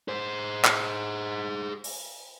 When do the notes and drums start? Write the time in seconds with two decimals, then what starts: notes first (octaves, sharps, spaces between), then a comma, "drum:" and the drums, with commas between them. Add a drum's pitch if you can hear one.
0.08 G#4 C5
0.65 drum: clap
1.84 drum: open hi-hat